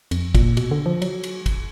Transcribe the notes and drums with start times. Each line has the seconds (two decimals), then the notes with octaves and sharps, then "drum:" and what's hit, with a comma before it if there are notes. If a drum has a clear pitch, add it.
0.11 F2, drum: cymbal
0.35 A#2, drum: kick, cymbal
0.57 B2, drum: cymbal
0.71 D3
0.86 F3
1.02 F#3, drum: cymbal
1.23 drum: cymbal
1.46 drum: kick, cymbal